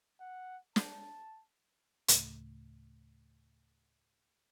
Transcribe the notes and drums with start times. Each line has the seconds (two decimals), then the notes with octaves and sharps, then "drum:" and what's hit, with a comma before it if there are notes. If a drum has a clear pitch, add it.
0.20 F#5
0.76 A5, drum: snare
2.08 D2 A2 C#3 A3, drum: hi-hat